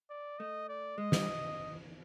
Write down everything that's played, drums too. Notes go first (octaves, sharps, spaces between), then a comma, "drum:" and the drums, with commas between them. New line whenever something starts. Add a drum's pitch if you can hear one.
D5
A3 D#5
D5
G#3 D#5
G3, drum: snare